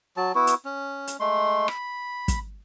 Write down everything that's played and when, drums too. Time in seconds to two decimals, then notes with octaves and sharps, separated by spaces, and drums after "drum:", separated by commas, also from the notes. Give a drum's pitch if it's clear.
0.17 F#3 A5
0.35 B3 E4 F#4
0.47 drum: hi-hat
0.65 C#4
1.07 drum: hi-hat
1.20 G#3 A3 C6
1.68 B5, drum: rim click
2.28 drum: kick, hi-hat